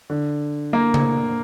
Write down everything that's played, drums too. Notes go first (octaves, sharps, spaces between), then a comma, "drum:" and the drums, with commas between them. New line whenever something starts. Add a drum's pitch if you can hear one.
D3
A#3
drum: tom C#3